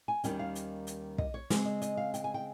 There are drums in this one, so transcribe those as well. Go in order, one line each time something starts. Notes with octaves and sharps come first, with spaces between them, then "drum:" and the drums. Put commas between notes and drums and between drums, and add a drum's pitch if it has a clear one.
G#5
D#2 D#3 G3 C#4 G5, drum: hi-hat
F5
drum: hi-hat
drum: hi-hat
D#5, drum: kick
C#5
C#3 G#3 C4, drum: snare
D#5
D#5, drum: hi-hat
F5
G5, drum: hi-hat
G#5
G5